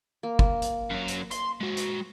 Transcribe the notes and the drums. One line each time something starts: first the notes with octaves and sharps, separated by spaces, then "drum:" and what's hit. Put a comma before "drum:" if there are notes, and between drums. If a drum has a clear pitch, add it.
A#3
drum: kick
drum: hi-hat
F#2 F#3
drum: hi-hat
C6, drum: hi-hat
G#3 F#4
drum: hi-hat